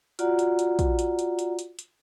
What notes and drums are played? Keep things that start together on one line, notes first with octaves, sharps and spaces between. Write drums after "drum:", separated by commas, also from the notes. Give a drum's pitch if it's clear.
F4 F#4 D5 F#5 A#5, drum: hi-hat
drum: hi-hat
drum: hi-hat
drum: kick, hi-hat
drum: hi-hat
drum: hi-hat
drum: hi-hat
drum: hi-hat
drum: hi-hat